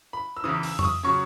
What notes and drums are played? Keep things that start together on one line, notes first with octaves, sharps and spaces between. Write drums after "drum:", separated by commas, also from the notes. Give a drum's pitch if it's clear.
B5
E6
E2 C#3 E3 D#6
E6, drum: open hi-hat
C#6, drum: tom F2
D#6
C#3 F#3 C#4 C#6